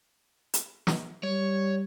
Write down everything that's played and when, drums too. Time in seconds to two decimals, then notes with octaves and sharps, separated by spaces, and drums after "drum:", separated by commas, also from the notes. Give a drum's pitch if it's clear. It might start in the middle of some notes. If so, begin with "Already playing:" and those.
0.54 drum: hi-hat
0.87 drum: snare
1.23 G3 C#5